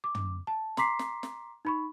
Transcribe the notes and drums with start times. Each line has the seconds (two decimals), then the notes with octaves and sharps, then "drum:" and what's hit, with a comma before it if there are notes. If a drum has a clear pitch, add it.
0.04 D6
0.15 drum: tom
0.47 A5
0.77 A#5 C6 D6 B6 C7, drum: snare
0.99 drum: snare
1.23 drum: snare
1.65 D#4 B5 C#6